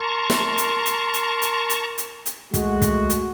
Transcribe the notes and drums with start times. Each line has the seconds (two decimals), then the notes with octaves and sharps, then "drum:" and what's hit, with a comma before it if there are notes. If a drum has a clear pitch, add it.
0.01 A#4 A5 A#5 C6 C#6
0.30 drum: snare
0.58 drum: hi-hat
0.86 drum: hi-hat
1.14 drum: hi-hat
1.42 drum: hi-hat
1.70 drum: hi-hat
1.98 drum: hi-hat
2.26 drum: hi-hat
2.54 G#3 A3 F#4, drum: kick, hi-hat
2.82 drum: kick, hi-hat
3.10 drum: hi-hat